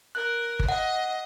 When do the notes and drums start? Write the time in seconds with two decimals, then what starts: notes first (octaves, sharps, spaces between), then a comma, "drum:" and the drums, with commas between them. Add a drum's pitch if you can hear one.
0.15 A#4 F#6
0.60 drum: kick G1
0.69 D#5 F#5